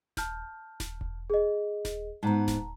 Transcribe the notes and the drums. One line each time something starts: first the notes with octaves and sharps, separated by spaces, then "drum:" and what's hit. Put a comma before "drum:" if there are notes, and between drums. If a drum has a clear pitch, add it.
A5 F6 G6, drum: snare D#1
drum: snare D#1
drum: kick E1
G#4 D#5
drum: snare D#1
G#2 B3 A5 A#5
drum: snare D#1